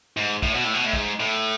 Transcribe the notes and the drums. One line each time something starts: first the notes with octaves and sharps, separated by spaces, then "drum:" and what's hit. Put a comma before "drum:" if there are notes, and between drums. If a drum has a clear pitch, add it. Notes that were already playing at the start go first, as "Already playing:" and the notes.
G#2
A2, drum: kick
B2
A2
B2
A2
G#2, drum: kick
A2